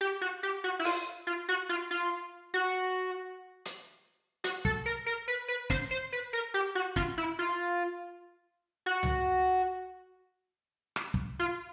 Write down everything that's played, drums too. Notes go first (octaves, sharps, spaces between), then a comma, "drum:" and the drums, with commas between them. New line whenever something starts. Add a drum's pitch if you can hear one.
G4
F#4
G4
F#4
E4
F4, drum: open hi-hat
F4
F#4
F4
F4
F#4
drum: hi-hat
F#4, drum: hi-hat
A4, drum: kick
A#4
A#4
B4
B4
C5, drum: snare
C5
B4
A#4
G4
F#4
F4, drum: snare
E4
F4
F#4
drum: tom C2
drum: rim click
drum: kick
F4